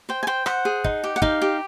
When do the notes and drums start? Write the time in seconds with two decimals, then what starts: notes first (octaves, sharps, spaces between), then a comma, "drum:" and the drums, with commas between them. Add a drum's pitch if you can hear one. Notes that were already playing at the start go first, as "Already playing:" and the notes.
0.09 C5 G5
0.23 G#5
0.27 C5 G5
0.46 C5 F#5, drum: rim click
0.65 G#4
0.84 D#4, drum: kick
1.04 G4
1.16 F#5
1.22 D#4 F5, drum: kick
1.42 G4